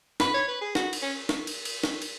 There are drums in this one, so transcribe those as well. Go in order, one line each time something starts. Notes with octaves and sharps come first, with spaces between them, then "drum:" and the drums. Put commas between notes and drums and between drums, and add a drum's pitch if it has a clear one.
B4 B5, drum: snare
C#5
B4
G#4
F#4, drum: snare
drum: cymbal
C#4
drum: snare
drum: cymbal
drum: cymbal
drum: snare
drum: cymbal